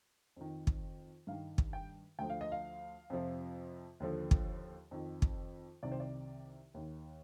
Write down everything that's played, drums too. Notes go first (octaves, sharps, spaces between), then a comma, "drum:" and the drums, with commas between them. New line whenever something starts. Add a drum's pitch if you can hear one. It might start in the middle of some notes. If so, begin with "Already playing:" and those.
F2 D#3
drum: kick
G2 D#3 F5
drum: kick
G5
D2 D3 F3 G5
F5
D#5
F5
F2 C3 F3
D#2 D3 F3
drum: kick
F2 D#3
drum: kick
C2 C3 D#3 D5
C5
D5
D#2 D#3